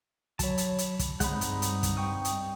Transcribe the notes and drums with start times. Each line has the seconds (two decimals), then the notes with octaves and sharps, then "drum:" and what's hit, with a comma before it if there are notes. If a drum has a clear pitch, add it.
0.39 F#3 C#5 A5 B5, drum: kick, hi-hat
0.58 drum: hi-hat
0.78 drum: hi-hat
0.99 drum: kick, hi-hat
1.20 G2 G#3 C4 D#4 F#5 B5, drum: kick, hi-hat
1.41 drum: hi-hat
1.62 drum: hi-hat
1.83 drum: kick, hi-hat
1.97 G5 C#6 D#6
2.25 drum: hi-hat